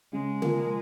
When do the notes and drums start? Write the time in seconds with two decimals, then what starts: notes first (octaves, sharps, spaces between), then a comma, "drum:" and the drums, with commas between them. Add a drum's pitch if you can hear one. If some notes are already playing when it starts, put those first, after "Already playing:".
0.12 C#3 G#3
0.42 F3 A#3, drum: tom C#3